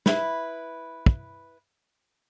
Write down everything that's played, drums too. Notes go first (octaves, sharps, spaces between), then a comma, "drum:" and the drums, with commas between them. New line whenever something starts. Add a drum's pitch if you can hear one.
E4 B4, drum: snare
drum: kick